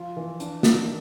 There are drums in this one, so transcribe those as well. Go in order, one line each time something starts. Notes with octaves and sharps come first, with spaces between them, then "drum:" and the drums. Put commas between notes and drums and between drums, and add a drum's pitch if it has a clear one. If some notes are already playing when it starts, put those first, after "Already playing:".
Already playing: F3 F4
E3
D4, drum: hi-hat
D#3, drum: snare